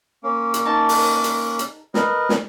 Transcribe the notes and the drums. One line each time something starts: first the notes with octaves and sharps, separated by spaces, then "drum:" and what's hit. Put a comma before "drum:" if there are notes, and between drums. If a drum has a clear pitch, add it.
A#3 C#4
drum: hi-hat
D#4 A5
drum: open hi-hat
drum: hi-hat
drum: hi-hat
A#4 B4 D#5, drum: snare
drum: snare